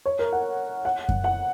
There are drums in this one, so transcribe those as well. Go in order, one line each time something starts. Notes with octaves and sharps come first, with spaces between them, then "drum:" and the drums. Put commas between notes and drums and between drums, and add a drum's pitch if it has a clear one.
C#5
A#4
F#5
F#5
drum: kick F#2
F#5